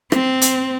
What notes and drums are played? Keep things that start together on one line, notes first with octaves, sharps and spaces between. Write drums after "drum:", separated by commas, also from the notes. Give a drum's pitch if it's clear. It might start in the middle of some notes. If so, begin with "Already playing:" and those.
C4, drum: rim click
drum: hi-hat